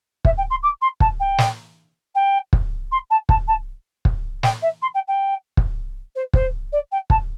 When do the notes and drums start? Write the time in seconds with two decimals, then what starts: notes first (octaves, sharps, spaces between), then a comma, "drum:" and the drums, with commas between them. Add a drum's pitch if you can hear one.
0.25 E5, drum: kick
0.37 G5
0.50 C6
0.62 D6
0.81 C6
1.00 A5, drum: kick
1.19 G5
1.38 drum: snare
2.15 G5
2.53 drum: kick
2.91 C6
3.10 A5
3.29 A5, drum: kick
3.47 A5
4.05 drum: kick
4.43 G5, drum: snare
4.62 E5
4.81 C6
4.94 G5
5.07 G5
5.57 drum: kick
6.15 C5
6.33 C5, drum: kick
6.72 D5
6.91 G5
7.10 A5, drum: kick